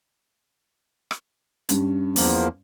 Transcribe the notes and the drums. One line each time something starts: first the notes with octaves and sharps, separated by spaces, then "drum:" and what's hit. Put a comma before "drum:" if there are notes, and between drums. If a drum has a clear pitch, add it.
drum: rim click
G2 C#4, drum: hi-hat
E2 F3 A#3, drum: open hi-hat